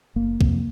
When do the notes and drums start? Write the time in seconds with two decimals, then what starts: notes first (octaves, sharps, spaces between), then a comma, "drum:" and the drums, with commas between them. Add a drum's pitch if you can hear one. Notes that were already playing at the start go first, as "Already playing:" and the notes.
0.16 F#1 A#3
0.41 F2 C3, drum: kick B1